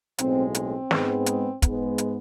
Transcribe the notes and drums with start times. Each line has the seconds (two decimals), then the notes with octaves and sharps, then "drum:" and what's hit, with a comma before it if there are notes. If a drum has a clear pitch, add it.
0.18 B1 A2 G#3 C4, drum: hi-hat
0.55 C4, drum: hi-hat
0.91 G#2 G#3 B3, drum: snare
1.26 drum: hi-hat
1.62 G#2 G#3 B3, drum: kick, hi-hat
1.98 drum: hi-hat